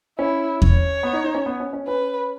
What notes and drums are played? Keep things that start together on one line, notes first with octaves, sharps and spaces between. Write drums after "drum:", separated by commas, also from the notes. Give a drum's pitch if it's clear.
C#4 E4
C#5, drum: kick E2
B3
D#4
D#4
C#4
B3
C#4
C#4
C#4 B4